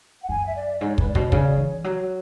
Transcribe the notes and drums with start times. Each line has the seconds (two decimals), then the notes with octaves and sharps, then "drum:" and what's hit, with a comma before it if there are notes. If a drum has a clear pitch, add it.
0.22 F#5
0.29 F#2 G#5
0.46 E5
0.55 D5
0.81 G#2 C#5
0.98 G#2 B4, drum: kick
1.08 D5
1.15 B2 C#5, drum: kick
1.28 C#5
1.32 C#3 D5, drum: kick
1.51 D5
1.57 E3 C#5
1.84 F#3 C#5